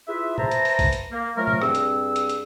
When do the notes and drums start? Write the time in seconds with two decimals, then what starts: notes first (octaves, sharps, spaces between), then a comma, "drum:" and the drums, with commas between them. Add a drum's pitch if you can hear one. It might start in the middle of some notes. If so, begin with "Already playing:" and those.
0.08 E4 F4 G#4 B4 E5
0.38 B4 C5 E5 A5 A#5, drum: tom
0.51 drum: hi-hat
0.65 drum: open hi-hat
0.79 drum: kick, open hi-hat
0.93 drum: hi-hat
1.11 A#3
1.37 F3 F#3 A3 A#4
1.47 drum: tom
1.62 G2 C4 G#4 E6, drum: rim click
1.75 drum: hi-hat
2.16 drum: hi-hat
2.29 drum: hi-hat